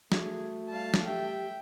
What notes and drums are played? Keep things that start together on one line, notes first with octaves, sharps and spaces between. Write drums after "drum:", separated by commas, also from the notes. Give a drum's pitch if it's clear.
A3 F#4 G#4, drum: snare
G3 F5 A5
drum: snare
G4 E5 G5